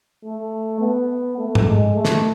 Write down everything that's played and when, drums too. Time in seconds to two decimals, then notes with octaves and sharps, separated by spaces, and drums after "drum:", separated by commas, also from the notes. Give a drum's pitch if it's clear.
0.25 A3
0.81 B3
1.38 A3
1.55 drum: tom
1.67 G#3
1.95 A3
2.05 drum: snare